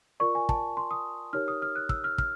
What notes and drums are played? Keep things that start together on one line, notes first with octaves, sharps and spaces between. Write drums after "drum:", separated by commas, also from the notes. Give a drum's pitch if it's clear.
F4 A#4 D5 C#6
G#5
A5, drum: kick
C6
D#6
D#4 G4 A#4 C#5 F6
D#6
F6
F#6
E6, drum: kick
F6
F6, drum: kick